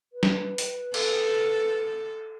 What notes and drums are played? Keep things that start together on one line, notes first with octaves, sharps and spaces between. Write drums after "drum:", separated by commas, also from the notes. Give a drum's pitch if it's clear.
B4
drum: snare
drum: open hi-hat
A4, drum: cymbal